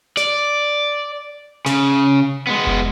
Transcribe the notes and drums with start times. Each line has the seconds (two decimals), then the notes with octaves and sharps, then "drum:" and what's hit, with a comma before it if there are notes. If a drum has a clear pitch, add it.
0.17 D5, drum: snare
1.66 C#3, drum: snare
2.47 G#3 B3
2.67 drum: kick F1